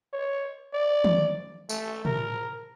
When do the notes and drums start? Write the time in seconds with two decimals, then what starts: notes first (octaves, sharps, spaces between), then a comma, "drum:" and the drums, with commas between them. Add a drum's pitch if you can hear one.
0.13 C#5
0.74 D5
1.04 drum: tom
1.69 A3, drum: tambourine
2.05 A#4, drum: tom